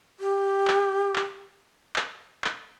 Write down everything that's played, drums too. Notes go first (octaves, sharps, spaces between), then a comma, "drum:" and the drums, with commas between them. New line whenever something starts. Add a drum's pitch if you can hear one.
G4
drum: clap
drum: clap
drum: clap
drum: clap